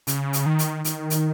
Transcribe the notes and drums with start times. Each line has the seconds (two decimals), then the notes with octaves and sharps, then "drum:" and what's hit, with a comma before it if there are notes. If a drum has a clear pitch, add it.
0.07 C#3, drum: hi-hat
0.33 drum: hi-hat
0.46 D#3
0.59 drum: hi-hat
0.85 D#3, drum: hi-hat
1.10 drum: hi-hat